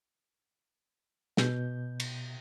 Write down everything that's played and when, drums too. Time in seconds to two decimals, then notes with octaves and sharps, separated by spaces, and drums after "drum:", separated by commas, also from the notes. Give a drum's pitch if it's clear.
1.37 B2 G6, drum: snare
2.00 drum: cymbal